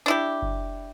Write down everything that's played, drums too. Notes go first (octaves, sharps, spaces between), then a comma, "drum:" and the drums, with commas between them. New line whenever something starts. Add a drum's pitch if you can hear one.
D4 E4 G4
drum: kick F#1